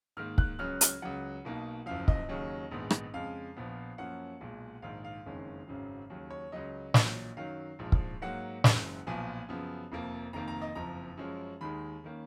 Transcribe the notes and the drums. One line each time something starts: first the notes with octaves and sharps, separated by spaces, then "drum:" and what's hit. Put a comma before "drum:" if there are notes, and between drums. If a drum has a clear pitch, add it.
G#2 D#3 A#3 F6
F#6, drum: kick
C#2 C#3 F#3 C#4 F6
F6, drum: hi-hat
C#2 C#3 F#3 F#5
B1 B2 A#3 D#4
F#1 F#2 F3 F5
D#5, drum: kick
D#2 C#3 F#3 C#4
A#1 G#2 D#3 G#3 B3
drum: rim click
F2 C#3 G#3 F5
A#1 A#2 F3 B3
F#2 F3 A#3 C#4 F#5
B1 A#2 G#3
A#1 G#2 D#3 G#3 F5
F5
F#1 F2 D#3 G#3 C#4
G#1 F#2 C#3 F#3
D#2 C#3 F#3
C#5
C#2 C#3 F#3 C#4 D#5
A#1 A#2 F#3, drum: snare
F#2 D#3 F#3 F5
A#1 G#2 F3
drum: kick
G#2 F#3 A#3 F#5
F#1 F#2 C#3 G#3, drum: snare
B1 A#2 F3 B3 G#5
F#2 C#3 F3 B3
F1 F2 F3 A#3
F1 F2 D#3 A#3 A#5
A#5
D#5
F#1 F2 F3 A#5
F#2 F3 G#3 C#4
D#2 D#3 G#3 D#4 B5
D#3 A#3 C#4